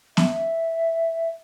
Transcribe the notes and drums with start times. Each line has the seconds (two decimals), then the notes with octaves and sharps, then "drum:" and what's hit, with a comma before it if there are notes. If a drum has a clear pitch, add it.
0.17 E5, drum: snare B3